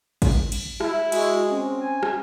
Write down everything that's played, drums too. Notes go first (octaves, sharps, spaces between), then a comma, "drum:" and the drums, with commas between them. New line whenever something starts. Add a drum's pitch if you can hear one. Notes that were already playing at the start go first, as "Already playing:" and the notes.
drum: kick, cymbal
drum: cymbal
E4, drum: rim click
G#3 F#4, drum: cymbal
C4 C#4
G#5
drum: rim click